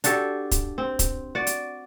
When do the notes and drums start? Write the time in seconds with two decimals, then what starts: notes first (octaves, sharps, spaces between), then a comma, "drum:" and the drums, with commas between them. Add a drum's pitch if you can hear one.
0.04 D4 F#4 G4 A4, drum: hi-hat
0.51 drum: kick, hi-hat
0.78 C4
0.99 drum: kick, hi-hat
1.35 F#4 D5
1.47 drum: hi-hat